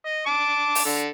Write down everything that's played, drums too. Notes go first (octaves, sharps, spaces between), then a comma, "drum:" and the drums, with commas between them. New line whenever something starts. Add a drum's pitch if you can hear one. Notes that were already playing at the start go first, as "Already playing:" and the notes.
D#5
A5 D6
drum: open hi-hat
D3 A4